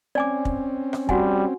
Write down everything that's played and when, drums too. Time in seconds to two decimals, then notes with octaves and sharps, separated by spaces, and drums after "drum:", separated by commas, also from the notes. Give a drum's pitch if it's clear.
0.15 C4 C#4 D5 G#5 D6
0.45 drum: kick
0.93 drum: rim click
1.09 G3 F#4 F#5 G#5, drum: kick